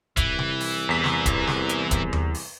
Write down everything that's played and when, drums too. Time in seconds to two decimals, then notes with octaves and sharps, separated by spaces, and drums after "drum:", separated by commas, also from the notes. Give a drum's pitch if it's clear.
0.17 C2 E3, drum: kick, hi-hat
0.39 drum: tom C3
0.60 drum: open hi-hat
0.89 E2 B6
1.04 drum: snare
1.26 drum: kick, hi-hat
1.47 drum: snare
1.69 drum: hi-hat
1.91 drum: kick, hi-hat
2.13 drum: tom D#2
2.34 drum: open hi-hat